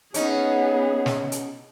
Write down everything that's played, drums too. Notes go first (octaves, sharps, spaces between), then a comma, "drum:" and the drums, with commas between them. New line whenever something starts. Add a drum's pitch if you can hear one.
B3 C#4 D#4 G#4, drum: hi-hat
drum: snare
drum: hi-hat